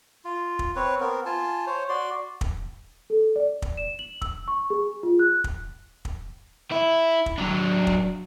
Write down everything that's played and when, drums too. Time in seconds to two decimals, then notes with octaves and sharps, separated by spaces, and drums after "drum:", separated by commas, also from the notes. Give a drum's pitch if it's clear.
0.25 F4
0.59 drum: kick
0.76 C4 B4 C#5
1.00 B3 C4 A#4
1.26 F4 G#5 A5
1.67 C5 C#5
1.89 F#4 D5 C6
2.41 drum: kick
3.10 A4
3.36 D5
3.62 drum: kick
3.77 E7
3.99 F#7
4.22 E6, drum: kick
4.48 C#6
4.70 G#4
5.03 F4
5.19 F#6
5.44 drum: kick
6.05 drum: kick
6.72 E4
7.26 drum: kick
7.38 F#3 D4
7.87 drum: kick